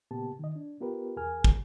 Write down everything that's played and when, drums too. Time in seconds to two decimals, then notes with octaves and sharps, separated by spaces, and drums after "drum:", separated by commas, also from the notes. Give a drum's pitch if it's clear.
0.11 A#2 C#3 A#3 B3 G4 A5
0.39 D#3 D#5
0.56 D4
0.80 B3 F4 G4 A#4 B4
1.16 E2 G#4 A#4 G#5 F6
1.44 drum: kick